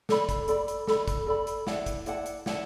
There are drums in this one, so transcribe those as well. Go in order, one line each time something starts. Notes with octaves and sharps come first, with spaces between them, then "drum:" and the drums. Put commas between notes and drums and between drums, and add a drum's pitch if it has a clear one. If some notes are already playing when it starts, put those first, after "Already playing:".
A4 D5 B5, drum: snare
drum: kick, hi-hat
A4 D5 B5, drum: hi-hat
drum: hi-hat
A4 D5 B5, drum: snare
drum: kick, hi-hat
A4 D5 B5
drum: hi-hat
E4 D5 F#5 A5, drum: snare
drum: kick, hi-hat
E4 D5 F#5 A5, drum: hi-hat
drum: hi-hat
E4 D5 F#5 A5, drum: snare